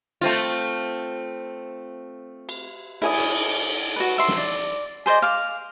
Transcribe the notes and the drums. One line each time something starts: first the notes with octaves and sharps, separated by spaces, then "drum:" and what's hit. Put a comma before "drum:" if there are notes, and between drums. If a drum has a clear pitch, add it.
A3 C4 F4
drum: cymbal
E4 G#4 D#6, drum: cymbal
drum: hi-hat
F#4 B4
E5 C6
drum: snare
D5
G#4 C5 D5 D#5
F5 D6